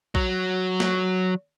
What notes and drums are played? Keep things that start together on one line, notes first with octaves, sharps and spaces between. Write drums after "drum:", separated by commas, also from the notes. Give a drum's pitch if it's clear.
F#3, drum: kick A#1
drum: snare